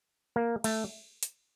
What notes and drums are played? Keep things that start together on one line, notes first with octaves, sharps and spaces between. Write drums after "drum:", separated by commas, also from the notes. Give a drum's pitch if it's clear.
A#3
A3, drum: cymbal
drum: hi-hat